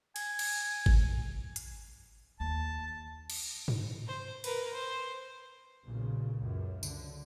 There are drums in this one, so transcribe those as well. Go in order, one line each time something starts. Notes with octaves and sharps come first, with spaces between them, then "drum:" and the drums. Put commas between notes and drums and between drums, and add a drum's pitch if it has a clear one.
G#5, drum: cymbal
drum: cymbal
drum: kick G#1
drum: hi-hat
D#2 A5
drum: cymbal
drum: tom G2
C5
A#4 B4, drum: cymbal
C5
B1 A#2 C#3
C#2 F#2
D3, drum: tambourine